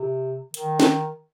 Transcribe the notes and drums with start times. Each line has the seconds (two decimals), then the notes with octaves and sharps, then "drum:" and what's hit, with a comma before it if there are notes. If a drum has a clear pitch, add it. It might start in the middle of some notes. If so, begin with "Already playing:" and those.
Already playing: C3
0.54 D#3, drum: hi-hat
0.80 drum: snare